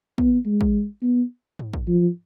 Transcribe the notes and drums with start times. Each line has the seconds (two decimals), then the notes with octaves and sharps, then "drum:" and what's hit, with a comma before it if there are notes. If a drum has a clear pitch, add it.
0.18 B3, drum: kick
0.46 G#3
0.61 drum: kick
1.02 B3
1.59 drum: tom G#2
1.73 drum: kick
1.88 F3